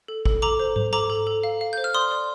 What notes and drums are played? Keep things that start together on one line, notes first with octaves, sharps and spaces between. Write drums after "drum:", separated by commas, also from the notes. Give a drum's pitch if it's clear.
A4
A4, drum: kick
A4 A#5 D6
C5
C5, drum: tom G#2
A4 A#5 D6
A4
A4
F5
F5
C5 G6
F6
D5 C6 D#6
D5